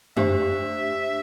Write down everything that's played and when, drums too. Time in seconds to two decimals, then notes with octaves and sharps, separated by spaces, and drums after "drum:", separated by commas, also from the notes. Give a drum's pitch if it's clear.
0.17 A3 D4 G4 C5 E5, drum: tom F#2